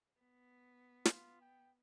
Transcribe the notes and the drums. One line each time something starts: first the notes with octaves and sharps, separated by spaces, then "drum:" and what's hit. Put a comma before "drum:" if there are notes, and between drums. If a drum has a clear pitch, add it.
B3
F4, drum: snare
G5